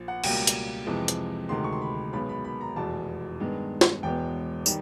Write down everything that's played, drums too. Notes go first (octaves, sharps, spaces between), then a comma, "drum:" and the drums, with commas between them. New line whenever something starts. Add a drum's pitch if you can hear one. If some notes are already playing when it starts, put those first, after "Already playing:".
Already playing: A#1
F#5
C#2 B2 G3 A#3 G5, drum: cymbal
drum: hi-hat
F2 C3 E3 G#3 C4
drum: hi-hat
D2 C3 D#3 G#3 C6
C#6
C6
B5
B1 B2 G#3 B3 B5
B5
B5
A#5
F1 E2 B2 G#3 A5
G2 D#3 G#3 B3
drum: snare
E1 E2 B2 G#3 B3 G5
D#3 G3, drum: tambourine